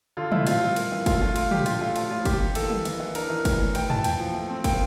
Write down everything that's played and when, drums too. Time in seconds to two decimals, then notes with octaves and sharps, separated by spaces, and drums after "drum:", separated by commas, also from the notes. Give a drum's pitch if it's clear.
0.17 D3 F4
0.32 A3 E4, drum: tom
0.47 C4 F4, drum: cymbal
0.62 G3
0.76 A#3, drum: cymbal
0.92 E3
1.06 A3 F4, drum: kick, cymbal
1.21 A3 F4
1.36 D3 F4, drum: cymbal
1.51 D3 G4, drum: tom
1.66 D4 F4, drum: cymbal
1.81 A3 F4
1.96 F3 F4, drum: cymbal
2.11 A2 F4
2.25 A#3 G4, drum: kick, cymbal
2.40 A#3
2.55 E3 A4, drum: cymbal
2.70 A#3, drum: tom
2.85 E3, drum: cymbal
3.00 E3
3.15 D4 A#4, drum: cymbal
3.30 E3
3.45 E3, drum: kick, cymbal
3.60 A2
3.75 E3 G5, drum: cymbal
3.90 E3 A5, drum: tom
4.04 A#2 G5, drum: cymbal
4.19 F3
4.35 A3
4.50 C4
4.64 A#3 G5, drum: kick, cymbal